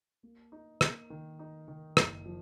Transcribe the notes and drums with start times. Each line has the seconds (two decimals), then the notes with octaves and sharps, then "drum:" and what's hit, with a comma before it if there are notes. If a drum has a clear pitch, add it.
0.23 A#3
0.52 D#4
0.81 A#3, drum: rim click
1.10 D#3
1.39 D#4
1.68 D#3
1.97 F#1, drum: rim click
2.26 F3